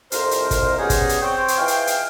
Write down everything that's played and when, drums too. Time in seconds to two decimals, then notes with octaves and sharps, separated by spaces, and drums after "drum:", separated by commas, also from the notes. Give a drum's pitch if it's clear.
0.12 C2 F2 A#4 C5, drum: hi-hat
0.31 drum: hi-hat
0.51 drum: kick, hi-hat
0.79 G3 G#3 B3 C#4 D#4 G#4
0.90 drum: kick, hi-hat
1.09 drum: hi-hat
1.22 C4 C5 C#5 G5
1.48 drum: hi-hat
1.58 E3 F4 G#4 D#5 F5 G5
1.68 drum: hi-hat
1.87 drum: hi-hat